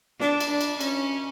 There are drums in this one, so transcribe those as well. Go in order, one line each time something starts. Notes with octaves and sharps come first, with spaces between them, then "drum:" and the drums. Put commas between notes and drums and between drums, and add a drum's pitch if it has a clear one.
D4, drum: snare
drum: cymbal
D4
drum: cymbal
C#4, drum: cymbal